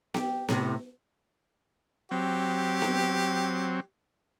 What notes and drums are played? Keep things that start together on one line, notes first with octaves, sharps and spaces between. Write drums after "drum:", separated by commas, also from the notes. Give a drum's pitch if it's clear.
G4, drum: snare B3
A2 C3, drum: snare B3
F#3 C4 G4
drum: snare B3